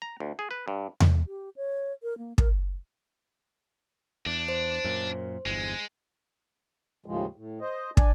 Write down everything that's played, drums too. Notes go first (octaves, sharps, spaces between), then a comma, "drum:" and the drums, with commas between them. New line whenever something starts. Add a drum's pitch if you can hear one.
A#5
D2
G#4
B4
G2
drum: tom E2
G4
C#5
A#4
A#3
A#4, drum: kick
E2 D4
C5
F#2 A#2
G1 E2 G#3
D#2 A2 C#3 F3 G#3
A2
C5 D#5
D4 D5 G#5, drum: kick